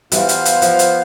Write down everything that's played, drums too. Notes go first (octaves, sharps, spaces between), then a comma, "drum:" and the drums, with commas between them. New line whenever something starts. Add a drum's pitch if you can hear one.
E3 G3 B3 F4 C5 F5, drum: hi-hat
drum: hi-hat
drum: hi-hat
F3, drum: hi-hat
drum: hi-hat